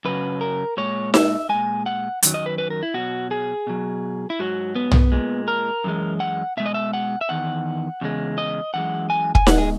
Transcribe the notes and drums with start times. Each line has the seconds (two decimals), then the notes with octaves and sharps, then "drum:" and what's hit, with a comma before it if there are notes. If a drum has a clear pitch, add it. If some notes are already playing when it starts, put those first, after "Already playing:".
0.05 F#2 C#3 F#3 B4
0.41 A#4
0.77 A#2 G#3 C#5
1.14 E5, drum: snare D#4
1.49 A#2 G#3 G#5
1.86 F#5
2.23 F#2 D#3 F#3, drum: hi-hat
2.34 D#5
2.46 B4
2.58 B4
2.70 A#4
2.83 E4
2.94 B2 F#3 F#4
3.31 G#4
3.67 B2 F#3
4.30 E4
4.39 G#2 F#3 F#4
4.75 B3
4.91 drum: tom
5.12 A#2 G#3
5.48 A#4
5.84 F#2 E3 G#3
6.20 F#5
6.57 B2 G#3 E5
6.66 D#5
6.74 E5
6.93 F#5
7.21 E5
7.29 E2 D#3 F#5
8.01 E2 C#3 G#3
8.38 D#5
8.74 F#2 E3 G#3 F#5
9.10 G#5
9.35 G#5, drum: kick
9.47 B2 G#3 F#5, drum: snare D#4
9.58 G#4